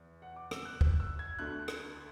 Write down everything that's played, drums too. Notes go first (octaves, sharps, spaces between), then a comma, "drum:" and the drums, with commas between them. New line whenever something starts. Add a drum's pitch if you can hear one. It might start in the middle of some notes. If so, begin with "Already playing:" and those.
Already playing: E2
F#5
D6
E6, drum: rim click
F#6
F#6, drum: kick
E6
G#6
D2 D3 A3 F#6
drum: rim click